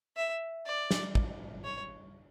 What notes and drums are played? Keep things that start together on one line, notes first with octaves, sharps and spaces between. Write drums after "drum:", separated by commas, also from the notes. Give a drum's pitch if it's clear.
E5
D5
drum: snare
drum: kick
C#5